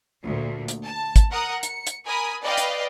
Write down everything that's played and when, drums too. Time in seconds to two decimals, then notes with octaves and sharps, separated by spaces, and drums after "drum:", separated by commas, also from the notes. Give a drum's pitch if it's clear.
0.23 D2 A#2
0.68 drum: hi-hat
0.83 A5
1.16 drum: kick, hi-hat
1.31 A#4 F#5 A#5 D#6
1.63 C#7, drum: hi-hat
1.87 drum: hi-hat
2.06 A#4 G#5 B5 D#6
2.43 B4 D5 D#5 F5 G5
2.57 drum: hi-hat